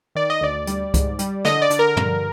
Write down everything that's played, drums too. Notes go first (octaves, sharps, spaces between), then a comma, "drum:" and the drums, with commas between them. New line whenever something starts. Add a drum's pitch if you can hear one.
D#3 D5
D#5
D2 D5
G3, drum: hi-hat
G#2, drum: kick C#2, hi-hat
G3, drum: hi-hat
D3 D#5, drum: snare
D5
D3, drum: hi-hat
A#4
G2, drum: tom